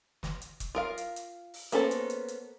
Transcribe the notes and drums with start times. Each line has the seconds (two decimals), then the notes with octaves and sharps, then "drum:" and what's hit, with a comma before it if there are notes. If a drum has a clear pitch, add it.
0.23 drum: snare
0.42 drum: hi-hat
0.60 drum: kick E1, hi-hat
0.75 F4 A#4 F5
0.98 drum: hi-hat
1.16 drum: hi-hat
1.54 drum: open hi-hat
1.72 A#3 B3 C#4 A4 C5, drum: hi-hat
1.91 drum: hi-hat
2.10 drum: hi-hat
2.28 drum: hi-hat